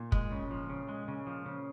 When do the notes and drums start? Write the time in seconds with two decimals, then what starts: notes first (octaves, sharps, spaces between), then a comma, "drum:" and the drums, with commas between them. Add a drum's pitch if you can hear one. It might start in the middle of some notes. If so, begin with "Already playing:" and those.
Already playing: A#2
0.12 G#3, drum: kick
0.31 C#3
0.51 F3
0.70 C#3
0.89 G#3
1.08 C#3
1.27 F3
1.46 C#3